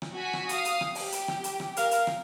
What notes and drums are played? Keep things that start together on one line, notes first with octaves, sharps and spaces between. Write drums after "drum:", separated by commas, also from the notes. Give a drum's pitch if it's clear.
drum: rim click
F#4 G#5 B6
drum: rim click
F5 D#6, drum: hi-hat
drum: hi-hat
drum: rim click
G4, drum: open hi-hat
drum: hi-hat
drum: rim click
drum: hi-hat
drum: rim click
A#4 F5, drum: hi-hat
drum: hi-hat
drum: rim click